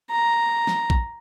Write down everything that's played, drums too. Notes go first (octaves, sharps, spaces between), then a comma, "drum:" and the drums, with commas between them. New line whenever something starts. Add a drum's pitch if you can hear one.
A#5
drum: snare
drum: kick A#1